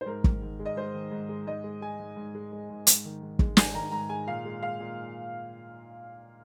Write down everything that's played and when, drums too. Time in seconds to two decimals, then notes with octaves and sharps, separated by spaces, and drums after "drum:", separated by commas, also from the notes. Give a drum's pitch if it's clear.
0.01 C5
0.06 G#2 A#4
0.24 D#3, drum: kick
0.42 G#2
0.59 G#3
0.65 D#5
0.76 G#2 C5
0.94 D#3
1.11 G#2
1.29 G#3
1.47 G#2 D#5
1.64 G#3
1.81 G#3 G#5
1.99 G#2
2.16 G#2
2.35 G#3
2.52 G#3
2.70 G#2
2.87 G#2, drum: hi-hat
3.05 D#3
3.22 G#2
3.39 G#3, drum: kick
3.57 G#2 G#5, drum: snare
3.74 D#3 A#5
3.92 G#2 A#5
4.09 G#3 G#5
4.27 A#2 F5
4.45 G#3
4.62 G#3 F5
4.80 A#2